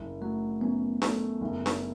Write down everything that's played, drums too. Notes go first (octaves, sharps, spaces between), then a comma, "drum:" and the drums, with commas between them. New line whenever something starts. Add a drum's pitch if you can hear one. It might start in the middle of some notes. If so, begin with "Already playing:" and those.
Already playing: F#1
F#3 A3
F#2 B3
A3, drum: snare D4
F#1
drum: snare D4